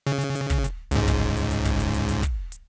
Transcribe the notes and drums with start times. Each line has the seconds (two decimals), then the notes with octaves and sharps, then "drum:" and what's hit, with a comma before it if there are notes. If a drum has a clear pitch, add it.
0.07 C#3
0.21 drum: hi-hat
0.35 drum: hi-hat
0.50 drum: kick, hi-hat
0.64 drum: hi-hat
0.91 C#2 G#2, drum: hi-hat
1.08 drum: kick, hi-hat
1.36 drum: hi-hat
1.51 drum: hi-hat
1.65 drum: kick, hi-hat
1.80 drum: hi-hat
1.94 drum: hi-hat
2.09 drum: hi-hat
2.23 drum: kick, hi-hat
2.52 drum: hi-hat